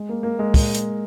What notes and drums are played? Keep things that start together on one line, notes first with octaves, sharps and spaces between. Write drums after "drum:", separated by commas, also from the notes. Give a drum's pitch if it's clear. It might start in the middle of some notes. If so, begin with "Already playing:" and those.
Already playing: G#3
A#3
A#3
G#3
drum: kick, open hi-hat
drum: hi-hat